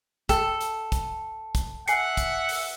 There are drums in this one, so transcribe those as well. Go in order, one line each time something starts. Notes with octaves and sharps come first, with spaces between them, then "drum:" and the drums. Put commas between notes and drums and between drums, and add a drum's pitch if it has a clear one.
A4 G5, drum: kick, hi-hat
drum: hi-hat
drum: kick, hi-hat
drum: kick, hi-hat
E5 F#5 G#5 C7 C#7, drum: hi-hat
drum: kick, hi-hat
drum: open hi-hat